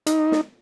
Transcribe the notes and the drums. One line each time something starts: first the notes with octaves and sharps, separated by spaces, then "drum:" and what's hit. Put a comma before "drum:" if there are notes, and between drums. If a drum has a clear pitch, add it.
D#4, drum: hi-hat
drum: snare